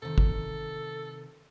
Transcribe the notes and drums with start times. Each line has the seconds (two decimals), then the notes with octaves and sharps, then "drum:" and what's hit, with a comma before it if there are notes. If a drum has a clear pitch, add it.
0.02 C3 D#3 A4
0.18 drum: kick